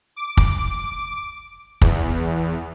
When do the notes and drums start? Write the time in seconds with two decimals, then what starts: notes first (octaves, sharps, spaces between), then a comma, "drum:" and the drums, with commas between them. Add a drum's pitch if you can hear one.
0.16 D6
0.37 drum: kick
1.81 E2, drum: kick